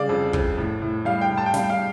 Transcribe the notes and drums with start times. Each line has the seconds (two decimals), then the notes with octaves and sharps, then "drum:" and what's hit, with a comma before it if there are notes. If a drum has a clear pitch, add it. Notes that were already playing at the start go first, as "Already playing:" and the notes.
Already playing: C#3 G3 D5 F5
0.09 F2
0.33 F2, drum: kick
0.58 A2
0.82 A2
1.05 G3 F5
1.21 G5
1.30 A2
1.37 A5
1.46 G5
1.54 G3 F5, drum: snare
1.64 G5
1.70 F5